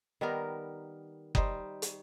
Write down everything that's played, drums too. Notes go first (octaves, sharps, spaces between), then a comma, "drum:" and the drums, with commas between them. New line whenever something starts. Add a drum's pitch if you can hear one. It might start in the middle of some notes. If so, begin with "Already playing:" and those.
D#3 G3 B3 A#4
G3 D#4 C5, drum: kick F#1
drum: hi-hat